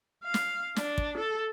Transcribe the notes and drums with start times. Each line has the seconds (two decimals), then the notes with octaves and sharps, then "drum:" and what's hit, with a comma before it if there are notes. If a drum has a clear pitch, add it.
0.24 F5
0.34 drum: snare
0.76 D4, drum: snare
0.98 drum: kick
1.18 A4